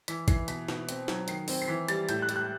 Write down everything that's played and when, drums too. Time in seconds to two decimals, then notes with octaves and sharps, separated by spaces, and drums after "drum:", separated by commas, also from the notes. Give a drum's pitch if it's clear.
0.08 E3 B6, drum: hi-hat
0.28 E3 C7, drum: kick A1, hi-hat
0.48 B2 B6, drum: hi-hat
0.68 B2, drum: snare
0.89 C4, drum: hi-hat
1.08 F#3, drum: snare
1.28 D#3 C7, drum: hi-hat
1.48 C4, drum: open hi-hat
1.62 C7
1.68 E3 B6
1.88 G3 A6, drum: hi-hat
2.09 A2 G6, drum: hi-hat
2.22 F#6
2.29 G3, drum: hi-hat
2.36 F#6